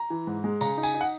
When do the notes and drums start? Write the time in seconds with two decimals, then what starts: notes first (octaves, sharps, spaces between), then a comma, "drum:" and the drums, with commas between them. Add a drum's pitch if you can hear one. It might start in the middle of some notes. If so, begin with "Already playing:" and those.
Already playing: A#5
0.10 E3
0.27 G#2
0.44 G#3
0.61 C#3 A#5, drum: tambourine
0.78 D#4
0.83 G#5, drum: tambourine
0.94 D#4
1.01 F#5